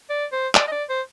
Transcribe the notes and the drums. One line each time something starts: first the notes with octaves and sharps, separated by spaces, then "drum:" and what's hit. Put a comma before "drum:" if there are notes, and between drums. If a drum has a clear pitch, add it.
D5
C5
D5, drum: clap
D#5
D5
C5